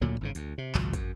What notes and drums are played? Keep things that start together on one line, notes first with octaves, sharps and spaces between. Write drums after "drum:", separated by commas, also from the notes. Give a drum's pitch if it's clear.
D2 A#2 D3 F#3
G#1 G#2 C#3
D2, drum: hi-hat
C3
G#1 C#2 A#2 F#3, drum: clap
F#2, drum: kick, hi-hat